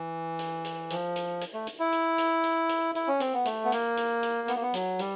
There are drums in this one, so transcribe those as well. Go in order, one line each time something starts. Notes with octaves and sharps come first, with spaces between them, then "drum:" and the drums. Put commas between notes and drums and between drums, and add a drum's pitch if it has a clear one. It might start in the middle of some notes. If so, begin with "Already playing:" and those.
Already playing: E3
drum: hi-hat
drum: hi-hat
F3, drum: hi-hat
drum: hi-hat
drum: hi-hat
A3
drum: hi-hat
E4
drum: hi-hat
drum: hi-hat
drum: hi-hat
drum: hi-hat
E4, drum: hi-hat
C#4
C4, drum: hi-hat
B3
A3, drum: hi-hat
B3
A#3, drum: hi-hat
drum: hi-hat
drum: hi-hat
B3, drum: hi-hat
A#3
B3
F#3, drum: hi-hat
G3, drum: hi-hat